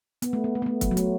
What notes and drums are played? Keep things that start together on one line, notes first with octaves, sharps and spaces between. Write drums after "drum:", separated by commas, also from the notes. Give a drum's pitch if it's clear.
B3, drum: hi-hat
A3
B3
A3
B3
A3
F#3, drum: kick, hi-hat
F#3
A3, drum: hi-hat